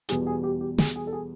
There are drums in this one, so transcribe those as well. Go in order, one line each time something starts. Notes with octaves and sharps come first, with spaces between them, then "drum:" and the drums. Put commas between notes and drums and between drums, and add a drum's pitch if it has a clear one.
E2 B2 G3 G#4, drum: hi-hat
G#4
G4
G4
G#4, drum: snare
G#4
A4
G#4